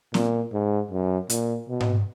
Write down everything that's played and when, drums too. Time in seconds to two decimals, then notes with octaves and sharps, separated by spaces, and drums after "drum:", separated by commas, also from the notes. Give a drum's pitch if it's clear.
0.14 A#2, drum: snare
0.53 G#2
0.91 F#2
1.30 A#2, drum: hi-hat
1.69 B2
1.81 drum: tom G#2